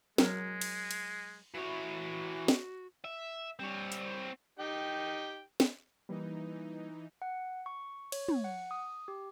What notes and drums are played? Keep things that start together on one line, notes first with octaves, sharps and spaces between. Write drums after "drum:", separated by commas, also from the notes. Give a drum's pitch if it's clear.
F#3 G#3 A#4, drum: snare
drum: cymbal
drum: cymbal
E3 F#4 C#5
drum: snare
E5
G3 C4 C#5
drum: hi-hat
D#4 G4 G5
drum: snare
E3 G3 A#3 D#4 B4
F#5
C#6
C#5, drum: cymbal
drum: tom
F#5
D#6
G4